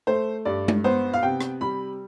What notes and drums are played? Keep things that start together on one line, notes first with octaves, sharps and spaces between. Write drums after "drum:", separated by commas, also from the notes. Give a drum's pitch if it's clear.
A3 C5
G2 D5
drum: tom G#3
B3 C5
F5
C3 G5
drum: rim click
G3 B5